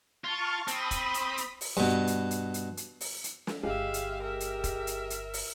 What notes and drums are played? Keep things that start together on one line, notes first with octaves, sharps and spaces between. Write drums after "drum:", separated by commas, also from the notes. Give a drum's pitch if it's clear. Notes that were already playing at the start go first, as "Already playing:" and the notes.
F4 A5 C#6 F6
C4 B5 D#6, drum: hi-hat
drum: kick, hi-hat
drum: hi-hat
drum: hi-hat
drum: open hi-hat
G2 B2
drum: hi-hat
drum: hi-hat
drum: hi-hat
drum: hi-hat
drum: open hi-hat
drum: hi-hat
drum: snare
G1 D3 G#3 G4 E5 F5
drum: hi-hat
A#4 E5
drum: hi-hat
drum: kick, hi-hat
drum: hi-hat
drum: hi-hat
drum: open hi-hat